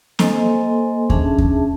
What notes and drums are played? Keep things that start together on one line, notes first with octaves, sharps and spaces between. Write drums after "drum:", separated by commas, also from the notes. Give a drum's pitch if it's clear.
A#3 A4 C5 D#5 G#5 C6, drum: snare C4
C#4 D4 G#4 E5 A5, drum: kick D#2
drum: kick D#2